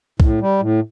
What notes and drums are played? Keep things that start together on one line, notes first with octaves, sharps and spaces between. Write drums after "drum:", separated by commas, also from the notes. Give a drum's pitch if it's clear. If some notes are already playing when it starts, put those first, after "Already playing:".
A2, drum: kick B1
G3
A2